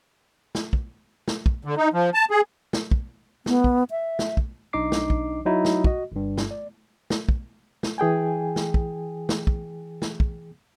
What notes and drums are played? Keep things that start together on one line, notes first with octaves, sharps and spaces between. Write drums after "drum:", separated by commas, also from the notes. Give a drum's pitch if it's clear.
drum: snare
drum: kick
drum: snare
drum: kick
D3
D#4
F3
A5
G#4
drum: snare
drum: kick
B3, drum: snare
drum: kick
E5
drum: snare
drum: kick
B1 D4 D#4 D#5 D6 C7
drum: snare
drum: kick
F#3 D#4 E4 F#4
drum: snare
F#4 D#5, drum: kick
G1 G2
drum: snare
D5
drum: snare
drum: kick
drum: snare
E3 G#4 G5 G#5
drum: snare
drum: kick
drum: snare
drum: kick
drum: snare
drum: kick